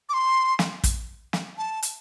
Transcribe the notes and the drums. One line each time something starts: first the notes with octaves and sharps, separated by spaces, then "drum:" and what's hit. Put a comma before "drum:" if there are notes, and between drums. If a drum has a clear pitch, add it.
D6
C6
drum: snare
drum: kick, hi-hat
drum: snare
A5
drum: hi-hat